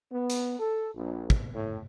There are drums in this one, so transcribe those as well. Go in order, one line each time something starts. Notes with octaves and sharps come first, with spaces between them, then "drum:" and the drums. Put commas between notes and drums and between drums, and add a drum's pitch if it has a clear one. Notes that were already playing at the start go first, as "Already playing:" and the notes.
B3
drum: hi-hat
A4
A#1
drum: kick
A2